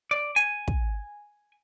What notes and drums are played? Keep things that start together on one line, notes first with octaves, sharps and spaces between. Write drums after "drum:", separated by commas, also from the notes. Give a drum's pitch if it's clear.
D5
G#5
drum: kick